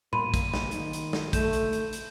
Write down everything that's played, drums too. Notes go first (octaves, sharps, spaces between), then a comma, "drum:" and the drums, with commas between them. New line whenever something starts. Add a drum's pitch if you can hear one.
A#3 B5 C6 D#7, drum: tom A2
drum: kick, hi-hat
drum: snare
D#3, drum: hi-hat
drum: hi-hat
drum: snare
A3 G6 E7, drum: kick, hi-hat
drum: hi-hat
drum: hi-hat
drum: hi-hat